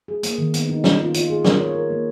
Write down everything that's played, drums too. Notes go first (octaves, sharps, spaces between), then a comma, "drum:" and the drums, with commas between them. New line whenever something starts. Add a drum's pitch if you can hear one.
G#4
A#3, drum: hi-hat
D#3
B3, drum: hi-hat
D#4
C#4, drum: snare
F4
F4, drum: hi-hat
G#4
A#4, drum: snare
C#5
A#4
A#3